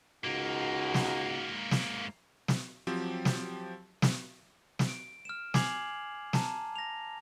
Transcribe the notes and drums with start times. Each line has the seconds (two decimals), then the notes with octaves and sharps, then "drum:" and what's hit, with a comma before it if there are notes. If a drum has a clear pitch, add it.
0.24 C#2 G#2 A#3 D#4 F#4
0.94 drum: snare
1.71 drum: snare
2.48 drum: snare
2.87 F3 F#3 C4 G4
3.25 drum: snare
4.02 drum: snare
4.79 drum: snare
4.88 D7
5.25 F6 E7
5.54 G#5 D6 G#6 C7 F7 F#7, drum: snare
6.33 A5 A#5, drum: snare
6.76 A#6 F7